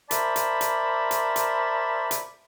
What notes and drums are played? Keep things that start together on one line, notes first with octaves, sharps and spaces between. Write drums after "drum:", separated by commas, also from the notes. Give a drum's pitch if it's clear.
A#4 C5 D5 E5 A5 B5, drum: hi-hat
drum: hi-hat
drum: hi-hat
drum: hi-hat
drum: hi-hat
drum: hi-hat